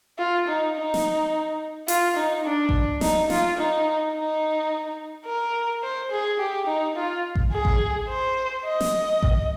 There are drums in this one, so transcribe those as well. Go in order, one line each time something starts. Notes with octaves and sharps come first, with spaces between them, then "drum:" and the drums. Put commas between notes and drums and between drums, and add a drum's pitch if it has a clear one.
F4
D#4
D#4
drum: snare
F4, drum: hi-hat
D#4
D4
drum: kick A1
D#4, drum: snare
F4, drum: snare
D#4
D#4
A#4
C5
G#4
G4
D#4
F4
drum: kick A1
G#4
drum: kick A1
C5
D#5
drum: snare
drum: kick A1